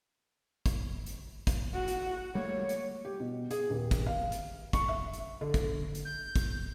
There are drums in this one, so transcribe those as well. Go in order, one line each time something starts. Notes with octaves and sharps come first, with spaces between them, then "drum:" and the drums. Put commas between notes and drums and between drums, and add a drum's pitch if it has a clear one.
drum: kick, hi-hat
drum: hi-hat
drum: kick, hi-hat
F#4
drum: hi-hat
G3 A3 A#3 C#5
drum: hi-hat
G4
B2
G#4, drum: hi-hat
D#1
drum: kick, hi-hat
F5
drum: hi-hat
C#6, drum: kick, hi-hat
E5
drum: hi-hat
D3
drum: kick, hi-hat
drum: hi-hat
G6
drum: kick, hi-hat